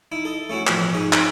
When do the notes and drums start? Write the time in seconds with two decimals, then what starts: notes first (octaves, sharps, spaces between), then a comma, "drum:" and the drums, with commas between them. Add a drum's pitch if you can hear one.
0.12 D#4 E4
0.25 A4 D#5
0.50 A3 C#4 E4 F#4
0.67 A1 B2 F3, drum: clap
0.94 G#2 D#4 G#4 C#6
1.13 C4 D#4, drum: clap